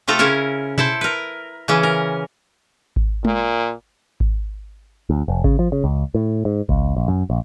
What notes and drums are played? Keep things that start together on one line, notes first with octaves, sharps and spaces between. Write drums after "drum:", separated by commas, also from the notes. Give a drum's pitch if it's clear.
C3 A3 F4 A4 A#5
C#3 C#4 E4 A#4
E4 A4 C5, drum: tom B2
A#4 B4
C#3 E3 C#4
A#4
drum: kick G#1
A#2, drum: tom G#3
drum: kick G#1
D2
F1
C#3, drum: kick G#1
F3
C#3
C#2
A2
G#2
C#2, drum: kick G#1
A#1
F#2
A#1